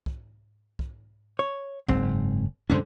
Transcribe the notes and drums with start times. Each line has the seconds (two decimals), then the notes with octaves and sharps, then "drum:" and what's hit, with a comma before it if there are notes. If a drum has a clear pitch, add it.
0.06 drum: kick
0.79 drum: kick
1.39 C#5
1.88 F#1 G#2 C4, drum: kick
2.70 C2 F#2 D3 G#3 C#4 C5